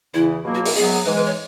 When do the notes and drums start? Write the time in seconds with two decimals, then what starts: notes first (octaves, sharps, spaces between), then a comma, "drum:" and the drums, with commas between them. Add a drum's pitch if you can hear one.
0.14 E2 C#3 E3 E4
0.44 C#2 B2 F#3 A#3
0.55 F#4
0.66 A#4, drum: open hi-hat
0.75 G#2 F#3 B3 G#4
1.05 G#2 E3 G#3 B4
1.16 B4
1.26 C#5